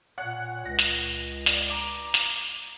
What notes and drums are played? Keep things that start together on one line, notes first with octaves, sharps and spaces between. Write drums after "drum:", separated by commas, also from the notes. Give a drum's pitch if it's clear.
A#2 C#5 F#5 F#6
C#2 A#6
drum: snare
D5, drum: snare
A#5 D6 D7
drum: snare